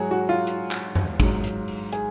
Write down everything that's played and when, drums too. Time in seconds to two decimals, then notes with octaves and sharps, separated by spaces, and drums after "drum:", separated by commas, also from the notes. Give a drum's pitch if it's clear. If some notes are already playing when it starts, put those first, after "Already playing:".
Already playing: G#2 F#3 F#4 G#4
0.11 F#4
0.29 F4
0.47 drum: hi-hat
0.71 drum: clap
0.95 drum: tom F#2
1.20 G#2 F#3, drum: kick
1.44 drum: hi-hat
1.68 drum: open hi-hat
1.93 G#4, drum: hi-hat